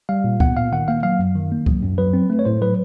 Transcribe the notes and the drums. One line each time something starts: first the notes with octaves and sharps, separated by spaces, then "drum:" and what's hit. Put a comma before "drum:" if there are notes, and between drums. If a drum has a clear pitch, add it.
G3 F5
A#2
B3 F#5, drum: kick C2
A#2 F5
D#3 F#5
A#3 F5
F#3 F5
F#2
D#3
A#3
F#3, drum: kick C2
F#2
F#3 B4
C4
A3
C#5
A2 C5
F#3 B4